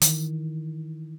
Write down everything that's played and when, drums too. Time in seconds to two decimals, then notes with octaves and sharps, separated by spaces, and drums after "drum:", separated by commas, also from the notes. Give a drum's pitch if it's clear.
0.02 D#3 E3, drum: hi-hat